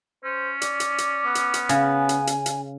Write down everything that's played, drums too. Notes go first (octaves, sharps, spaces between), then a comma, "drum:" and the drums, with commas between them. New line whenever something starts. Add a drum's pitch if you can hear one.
C#4 C5
D5 D6, drum: hi-hat
drum: hi-hat
drum: hi-hat
B3
drum: hi-hat
drum: hi-hat
C#3 G#5, drum: hi-hat
drum: hi-hat
drum: hi-hat
drum: hi-hat